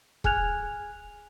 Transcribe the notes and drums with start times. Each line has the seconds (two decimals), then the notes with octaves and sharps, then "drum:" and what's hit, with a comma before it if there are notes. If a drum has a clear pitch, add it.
0.24 G#4 G#5 F6 F#6 G#6 F7, drum: kick